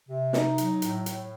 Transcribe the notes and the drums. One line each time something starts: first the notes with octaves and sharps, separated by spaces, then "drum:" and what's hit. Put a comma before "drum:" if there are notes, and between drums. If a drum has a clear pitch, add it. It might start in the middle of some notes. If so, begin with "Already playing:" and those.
C3
D#4, drum: snare
F#3, drum: hi-hat
A2, drum: hi-hat
A2, drum: hi-hat